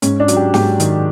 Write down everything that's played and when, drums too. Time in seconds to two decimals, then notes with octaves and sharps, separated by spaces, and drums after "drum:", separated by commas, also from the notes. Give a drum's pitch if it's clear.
0.02 G#2 C#4, drum: hi-hat
0.20 D4
0.28 F#3, drum: hi-hat
0.37 G4
0.54 G#2 G4, drum: snare
0.80 D#3, drum: hi-hat